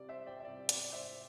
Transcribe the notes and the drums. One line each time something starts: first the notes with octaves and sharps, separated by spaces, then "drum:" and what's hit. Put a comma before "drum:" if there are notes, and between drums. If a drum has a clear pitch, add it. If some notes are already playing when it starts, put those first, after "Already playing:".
Already playing: C3 G3 D5
C5 E5
D5 G5
E5
C3 G3 D5
D5, drum: hi-hat
D5
C5 E5